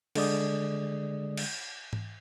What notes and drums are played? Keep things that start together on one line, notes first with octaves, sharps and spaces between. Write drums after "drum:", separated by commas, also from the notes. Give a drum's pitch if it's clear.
D3 G#3 D5 D#6, drum: cymbal
drum: cymbal
drum: tom G#2